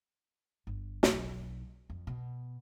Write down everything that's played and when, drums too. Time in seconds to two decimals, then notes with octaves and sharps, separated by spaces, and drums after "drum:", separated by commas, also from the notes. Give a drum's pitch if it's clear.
0.67 G1
1.03 B1, drum: snare
1.90 F2
2.07 B2